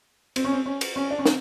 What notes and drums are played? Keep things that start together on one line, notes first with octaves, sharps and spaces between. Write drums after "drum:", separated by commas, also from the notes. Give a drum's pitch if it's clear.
C4, drum: cymbal
C#4
C4
C#4
drum: cymbal
C#4
D4
C#4
C4, drum: snare